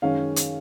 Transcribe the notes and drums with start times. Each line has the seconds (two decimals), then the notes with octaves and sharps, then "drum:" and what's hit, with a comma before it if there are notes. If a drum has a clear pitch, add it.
0.02 F#2 D#3 G#3 C#4 F5
0.36 drum: hi-hat